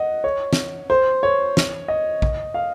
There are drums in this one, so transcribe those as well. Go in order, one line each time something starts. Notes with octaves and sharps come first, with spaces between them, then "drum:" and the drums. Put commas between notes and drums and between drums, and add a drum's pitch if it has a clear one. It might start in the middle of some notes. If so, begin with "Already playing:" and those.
Already playing: D#5 F#5
C#5
drum: snare
C5
C#5
drum: snare
D#5
drum: kick A#1
F5